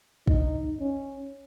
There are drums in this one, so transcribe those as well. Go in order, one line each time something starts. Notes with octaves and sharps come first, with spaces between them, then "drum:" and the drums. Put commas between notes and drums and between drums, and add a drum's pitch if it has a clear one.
D#4, drum: kick
C#4